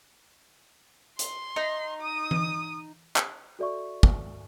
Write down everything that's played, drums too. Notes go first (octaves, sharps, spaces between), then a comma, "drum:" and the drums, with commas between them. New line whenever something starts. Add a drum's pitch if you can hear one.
C6, drum: hi-hat
D#4
D#6
drum: tom E3
drum: clap
F#4 A4 D5 E5 C#6
drum: kick